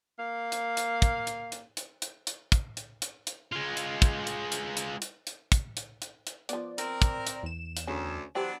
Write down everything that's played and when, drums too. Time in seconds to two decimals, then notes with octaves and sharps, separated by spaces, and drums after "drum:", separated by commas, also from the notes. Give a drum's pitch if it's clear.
0.19 A#3 F5
0.52 drum: hi-hat
0.77 drum: hi-hat
1.02 drum: kick, hi-hat
1.27 drum: hi-hat
1.52 drum: hi-hat
1.77 drum: hi-hat
2.02 drum: hi-hat
2.27 drum: hi-hat
2.52 drum: kick, hi-hat
2.77 drum: hi-hat
3.02 drum: hi-hat
3.27 drum: hi-hat
3.52 G#3 F4
3.77 drum: hi-hat
4.02 drum: kick, hi-hat
4.27 drum: hi-hat
4.52 drum: hi-hat
4.77 drum: hi-hat
5.02 drum: hi-hat
5.27 drum: hi-hat
5.52 drum: kick, hi-hat
5.77 drum: hi-hat
6.02 drum: hi-hat
6.27 drum: hi-hat
6.49 F3 B3 D5, drum: hi-hat
6.78 C4 A#4, drum: hi-hat
7.02 drum: kick, hi-hat
7.27 drum: hi-hat
7.43 E2 E7
7.77 drum: hi-hat
7.87 D2 C#3 C#4
8.35 E3 F#3 B3 D4 G4 C5